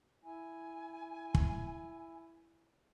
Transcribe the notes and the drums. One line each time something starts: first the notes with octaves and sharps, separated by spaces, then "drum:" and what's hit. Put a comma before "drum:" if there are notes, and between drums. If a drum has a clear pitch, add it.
E4 G#5
drum: kick